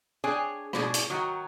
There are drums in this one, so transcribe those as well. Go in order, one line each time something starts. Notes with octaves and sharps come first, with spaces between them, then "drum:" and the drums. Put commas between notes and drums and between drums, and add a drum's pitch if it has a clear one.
D4 G#4 C#5 G5 G#5
B2 D4 G#4, drum: rim click
drum: hi-hat
D#3 F#3 F#4